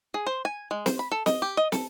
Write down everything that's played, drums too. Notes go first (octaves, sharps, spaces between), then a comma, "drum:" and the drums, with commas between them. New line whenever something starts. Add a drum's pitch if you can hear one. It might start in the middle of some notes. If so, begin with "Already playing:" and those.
G#4
C5
G#5
G#3
C5, drum: snare
B5
A4
D#5, drum: snare
G4
D#5
A4, drum: snare